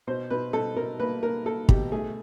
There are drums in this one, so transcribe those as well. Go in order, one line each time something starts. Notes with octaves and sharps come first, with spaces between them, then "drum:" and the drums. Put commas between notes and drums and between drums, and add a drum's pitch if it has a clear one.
B2 C5
B2 B4
B2 A4
B2 A#4
A#3 B4
A#3 A#4
A#3 A4
B2 G4, drum: kick
A3 G#4